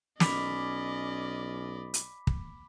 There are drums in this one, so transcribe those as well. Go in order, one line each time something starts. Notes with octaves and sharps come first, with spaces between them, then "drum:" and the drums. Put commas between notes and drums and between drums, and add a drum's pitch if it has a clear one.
B1 C#4 D5 D#5 B5 D6 B6, drum: snare
drum: hi-hat
drum: kick